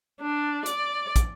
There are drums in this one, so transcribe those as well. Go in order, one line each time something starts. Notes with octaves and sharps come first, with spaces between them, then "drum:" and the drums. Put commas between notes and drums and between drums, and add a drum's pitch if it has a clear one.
D4
D5, drum: hi-hat
drum: kick, hi-hat